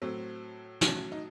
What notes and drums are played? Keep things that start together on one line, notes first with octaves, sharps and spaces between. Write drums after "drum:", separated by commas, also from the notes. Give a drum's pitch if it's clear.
A2 F#3 A3 C4
A2 F#3 A3 C#4, drum: snare
D#4